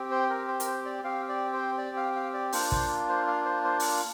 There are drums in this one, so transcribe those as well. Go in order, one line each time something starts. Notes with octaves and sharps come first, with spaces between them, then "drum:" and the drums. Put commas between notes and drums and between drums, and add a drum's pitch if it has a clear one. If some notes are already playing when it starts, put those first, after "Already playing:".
Already playing: C4 G4
C5
A#4
C5
A#4, drum: hi-hat
C5
D5
C4 G4 F5
D5
C5
D5
F5
F5
D5
A#3 D4 F4 C5, drum: open hi-hat
C5, drum: kick
C5
F5
C5
C5
drum: open hi-hat